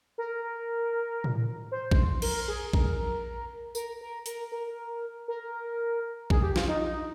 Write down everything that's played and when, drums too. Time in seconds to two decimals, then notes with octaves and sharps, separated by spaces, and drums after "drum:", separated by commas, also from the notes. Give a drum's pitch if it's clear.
0.18 A#4
1.24 drum: tom A2
1.72 C5
1.91 drum: kick A#1
2.22 A#4, drum: cymbal
2.48 G#4
2.73 A#4, drum: kick A#1
3.75 A#4, drum: tambourine
4.01 A#4
4.26 A#4, drum: hi-hat
4.52 A#4
5.28 A#4
6.30 G#4, drum: kick A#1
6.42 G4
6.56 F4, drum: snare
6.69 D#4
6.81 D#4